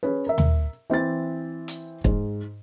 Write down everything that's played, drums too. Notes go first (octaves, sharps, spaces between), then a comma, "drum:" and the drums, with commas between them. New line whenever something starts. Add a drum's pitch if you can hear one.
C#4 G#4 B4
A#4 E5
drum: tom D#2
E3 C4 E5 A6
drum: hi-hat
G#2, drum: kick